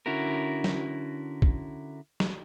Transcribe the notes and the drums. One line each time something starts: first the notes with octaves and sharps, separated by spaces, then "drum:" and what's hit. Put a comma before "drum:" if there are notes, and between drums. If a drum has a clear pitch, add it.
D3 C#4 E4 F#4 A#4
drum: snare
drum: kick
drum: snare